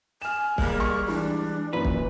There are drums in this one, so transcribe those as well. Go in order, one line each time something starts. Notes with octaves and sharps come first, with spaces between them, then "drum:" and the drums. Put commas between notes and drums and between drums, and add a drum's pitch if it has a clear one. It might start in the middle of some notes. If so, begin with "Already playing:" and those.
G#5 F6 E7
G3 G#3 A#3, drum: kick
C#6 F6
E3 D4
F#2 A#2 E3 B4
drum: kick